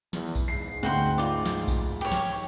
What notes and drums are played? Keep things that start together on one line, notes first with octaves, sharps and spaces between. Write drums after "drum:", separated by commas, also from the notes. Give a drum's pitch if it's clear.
E2, drum: snare
drum: kick B1, tambourine
G#2 C7
D2 F#4 G5 C6
F4 D5
drum: snare
drum: kick B1, tambourine
G4 C#5
drum: snare